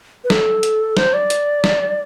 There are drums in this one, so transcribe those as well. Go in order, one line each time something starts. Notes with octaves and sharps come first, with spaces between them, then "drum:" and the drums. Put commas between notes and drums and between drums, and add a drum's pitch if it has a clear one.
B4
A4, drum: snare
drum: hi-hat
C5, drum: snare
D5
drum: hi-hat
drum: snare